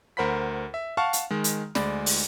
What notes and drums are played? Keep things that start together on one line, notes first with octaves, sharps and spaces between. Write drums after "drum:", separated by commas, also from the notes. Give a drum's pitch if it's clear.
D2 A#4 C5 F#5 B5 B6
E5
F5 F#5 A5 C#6 F6
drum: hi-hat
D#3 G#3
drum: hi-hat
D2 G#3 D5 B5, drum: snare
drum: open hi-hat